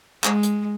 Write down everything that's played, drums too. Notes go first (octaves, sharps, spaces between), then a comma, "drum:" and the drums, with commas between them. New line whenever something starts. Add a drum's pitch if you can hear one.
G#3, drum: clap
drum: hi-hat